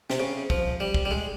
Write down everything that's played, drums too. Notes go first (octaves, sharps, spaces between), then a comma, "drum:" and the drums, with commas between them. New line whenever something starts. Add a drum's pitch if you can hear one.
C3, drum: snare
C#3
F3, drum: kick
G3
drum: kick
G3
G#3